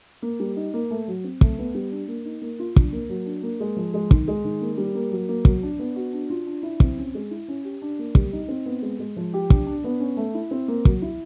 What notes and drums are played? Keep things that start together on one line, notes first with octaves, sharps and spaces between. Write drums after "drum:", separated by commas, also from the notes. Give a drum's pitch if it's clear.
A#3
G3
D#4
A#3
A3
F#3
C4
A3, drum: kick
B3
G3
D4
A#3
D#4
A#3
F4
D4, drum: kick
A#3
F#3
D4
A#3
G#3
F3
G#3
D#3, drum: kick
G#3
D#3
A#3
G3
A#3
F#3
A#3
F#3, drum: kick
D4
B3
F#4
D4
F4
D4
E4
C4, drum: kick
C#4
G#3
E4
C#4
G4
D4
A#3
G3, drum: kick
D#4
C4
B3
G#3
G#3
F3
G4
D4, drum: kick
D4
B3
C#4
A3
E4
C4
A#3
F#3, drum: kick
E4